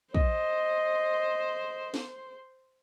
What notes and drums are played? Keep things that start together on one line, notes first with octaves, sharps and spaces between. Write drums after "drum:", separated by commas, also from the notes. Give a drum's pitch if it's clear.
C5 D#5, drum: kick
drum: snare